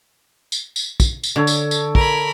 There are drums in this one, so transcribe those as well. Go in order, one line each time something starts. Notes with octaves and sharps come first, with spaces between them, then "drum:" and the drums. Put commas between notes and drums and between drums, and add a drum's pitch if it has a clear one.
drum: tambourine
drum: tambourine
drum: kick, tambourine
drum: tambourine
D3 A4 C#5 D5
drum: tambourine
drum: tambourine
A#4 B5, drum: kick